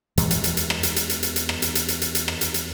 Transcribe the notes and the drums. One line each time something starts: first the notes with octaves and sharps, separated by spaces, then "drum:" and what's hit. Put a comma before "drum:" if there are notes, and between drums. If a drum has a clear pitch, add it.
E2 E3 G#3, drum: hi-hat
drum: hi-hat
drum: hi-hat
drum: hi-hat
drum: rim click
drum: hi-hat
drum: hi-hat
drum: hi-hat
drum: hi-hat
drum: hi-hat
drum: rim click
drum: hi-hat
drum: hi-hat
drum: hi-hat
drum: hi-hat
drum: hi-hat
drum: rim click
drum: hi-hat
drum: hi-hat